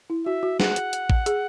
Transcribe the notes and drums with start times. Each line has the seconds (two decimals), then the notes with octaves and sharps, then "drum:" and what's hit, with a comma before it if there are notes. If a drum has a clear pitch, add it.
0.10 E4
0.26 F#4 E5
0.43 F#4
0.60 G#4 F#5, drum: snare
0.76 drum: hi-hat
0.93 drum: hi-hat
1.10 drum: kick A1
1.26 G#4, drum: hi-hat